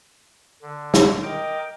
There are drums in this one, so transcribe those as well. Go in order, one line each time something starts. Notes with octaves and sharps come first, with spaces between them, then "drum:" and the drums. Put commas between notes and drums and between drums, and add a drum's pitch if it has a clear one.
D3
drum: snare
A#4 D#5 G5 D6